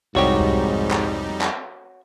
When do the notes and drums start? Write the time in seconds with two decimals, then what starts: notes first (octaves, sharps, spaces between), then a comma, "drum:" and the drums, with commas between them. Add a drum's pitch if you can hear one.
0.15 C2 F2 G#2 G3 D#4 F#4 G4 C#5
0.40 drum: kick C#2
0.91 drum: clap
1.41 drum: clap